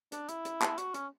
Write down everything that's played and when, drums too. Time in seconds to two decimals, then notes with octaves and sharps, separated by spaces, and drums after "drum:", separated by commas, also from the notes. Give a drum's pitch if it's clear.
0.12 D4, drum: hi-hat
0.29 E4, drum: hi-hat
0.45 drum: hi-hat
0.61 drum: clap
0.78 F#4, drum: hi-hat
0.94 C#4, drum: hi-hat